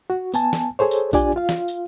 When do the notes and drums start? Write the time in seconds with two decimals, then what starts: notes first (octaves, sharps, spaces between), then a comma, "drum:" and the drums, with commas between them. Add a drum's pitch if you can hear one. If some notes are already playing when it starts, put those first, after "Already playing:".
0.10 F#4
0.34 B3 G#5 A5, drum: tambourine
0.53 drum: snare
0.79 G#4 A4 C5 C#5
0.91 drum: tambourine
1.13 D4 F4 G4 D5 G#5, drum: kick A#1, tambourine
1.36 F4 F5
1.49 drum: snare
1.68 drum: tambourine